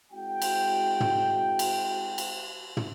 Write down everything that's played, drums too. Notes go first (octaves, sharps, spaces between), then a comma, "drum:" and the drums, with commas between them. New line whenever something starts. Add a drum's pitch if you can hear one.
G#3 C4 E4 F#4 F#5 G5
drum: cymbal
drum: tom
drum: cymbal
drum: cymbal
drum: tom